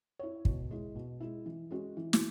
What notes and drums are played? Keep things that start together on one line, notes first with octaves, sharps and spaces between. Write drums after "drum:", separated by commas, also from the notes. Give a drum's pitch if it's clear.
E4 C#5
B2, drum: kick
G#3 E4
B2
G#3 E4
E3
G#3 C#4 F#4
E3
drum: snare